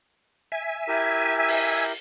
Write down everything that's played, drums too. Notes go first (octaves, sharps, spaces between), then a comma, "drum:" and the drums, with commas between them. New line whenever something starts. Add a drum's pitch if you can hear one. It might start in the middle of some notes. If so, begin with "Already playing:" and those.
E5 G#5
E4 G4 A#4
drum: open hi-hat